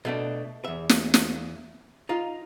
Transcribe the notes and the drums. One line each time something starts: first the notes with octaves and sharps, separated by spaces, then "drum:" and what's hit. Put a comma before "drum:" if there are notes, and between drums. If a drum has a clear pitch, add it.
B2 A3 D4
E2 E5
drum: snare
drum: snare
D#4 F4